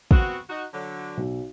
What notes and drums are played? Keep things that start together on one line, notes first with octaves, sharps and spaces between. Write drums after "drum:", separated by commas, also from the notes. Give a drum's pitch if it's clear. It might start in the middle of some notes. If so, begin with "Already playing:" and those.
B3 C4 F#4, drum: kick
D#4 F#4
D3 F#3
B1